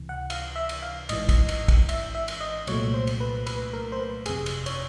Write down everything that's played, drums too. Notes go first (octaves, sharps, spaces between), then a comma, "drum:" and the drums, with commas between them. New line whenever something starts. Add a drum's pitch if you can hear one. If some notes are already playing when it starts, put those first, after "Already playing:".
Already playing: C#2 C3 E3
F#5
F5, drum: cymbal
E5
drum: cymbal
F5
A1 G#2 E3 D#5, drum: cymbal
drum: kick, cymbal
drum: cymbal
drum: kick, cymbal
E5, drum: cymbal
E5
drum: cymbal
D#5
C2 A#2 F#3 A3 C#5, drum: cymbal
C5
drum: cymbal
B4
B4, drum: cymbal
A#4
C5
B4
G1 F2 C3 G#4, drum: cymbal
drum: cymbal
C#5, drum: cymbal